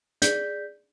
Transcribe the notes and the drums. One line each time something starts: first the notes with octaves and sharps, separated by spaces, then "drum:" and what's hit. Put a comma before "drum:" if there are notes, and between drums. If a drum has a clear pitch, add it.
G#4 D5 G6 B6, drum: hi-hat